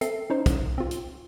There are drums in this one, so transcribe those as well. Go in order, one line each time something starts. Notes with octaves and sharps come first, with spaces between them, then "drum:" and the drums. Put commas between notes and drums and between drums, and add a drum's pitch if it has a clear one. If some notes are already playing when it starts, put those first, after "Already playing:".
C4 A4 E5 C7, drum: hi-hat
C#4 D#4 C5
drum: kick, hi-hat
C4 F4
drum: hi-hat